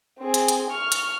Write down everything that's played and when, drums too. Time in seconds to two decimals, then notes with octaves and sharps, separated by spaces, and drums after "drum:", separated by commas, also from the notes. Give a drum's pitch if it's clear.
0.20 C4 G#4
0.34 drum: hi-hat
0.48 drum: hi-hat
0.71 C#6 F6
0.92 drum: hi-hat